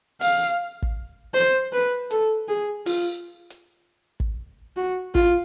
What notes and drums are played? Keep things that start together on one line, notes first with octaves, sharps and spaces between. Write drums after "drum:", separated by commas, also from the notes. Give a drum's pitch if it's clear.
F5, drum: open hi-hat
drum: kick
C5
B4
A4, drum: hi-hat
G#4
F4, drum: open hi-hat
drum: hi-hat
drum: kick
F#4
F4, drum: kick